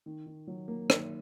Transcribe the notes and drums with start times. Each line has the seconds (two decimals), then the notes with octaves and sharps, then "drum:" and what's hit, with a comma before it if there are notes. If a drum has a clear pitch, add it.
0.06 D#3
0.26 D#3
0.47 F#3
0.68 A#3
0.90 D#3, drum: rim click